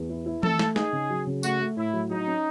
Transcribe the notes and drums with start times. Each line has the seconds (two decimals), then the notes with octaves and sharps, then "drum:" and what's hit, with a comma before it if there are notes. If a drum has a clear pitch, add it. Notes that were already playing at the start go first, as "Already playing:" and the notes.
Already playing: E2
0.10 E4
0.26 E4
0.43 A3 A4, drum: tom E3
0.59 A3, drum: snare
0.76 D#4 G#4, drum: snare
0.93 C#3
1.10 F#3
1.27 C#3
1.43 A3 F#4, drum: tambourine
1.60 A3
1.77 A2 E4
1.93 F#3
2.10 F#3 D#4
2.27 C#4